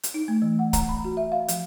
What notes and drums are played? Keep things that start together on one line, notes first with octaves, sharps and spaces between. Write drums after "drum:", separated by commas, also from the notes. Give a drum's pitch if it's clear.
drum: hi-hat
D#4
A3
E3
F#5
A#5, drum: kick, hi-hat
B5
F#4
E5
F5
F3, drum: hi-hat